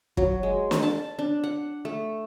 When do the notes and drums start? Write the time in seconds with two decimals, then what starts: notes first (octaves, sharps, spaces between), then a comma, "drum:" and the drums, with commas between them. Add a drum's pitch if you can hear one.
0.17 F#3, drum: kick
0.43 G#3
0.71 drum: snare
0.83 A5
1.19 D4
1.44 F#5
1.85 A3